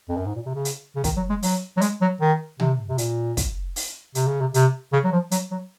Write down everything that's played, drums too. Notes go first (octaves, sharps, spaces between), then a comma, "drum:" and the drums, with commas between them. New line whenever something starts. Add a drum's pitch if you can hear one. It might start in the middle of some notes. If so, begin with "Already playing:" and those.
F2
F#2
G#2
A#2
C3
C#3
drum: hi-hat
C#3
D#3, drum: kick, hi-hat
F#3
G#3
F#3, drum: open hi-hat
F#3
G#3, drum: hi-hat
F#3
D#3
C3, drum: tom
C3
A#2, drum: hi-hat
drum: kick, hi-hat
drum: open hi-hat
C3, drum: hi-hat
C#3
C3
C3, drum: hi-hat
C#3
F#3
F3
F#3, drum: hi-hat
F#3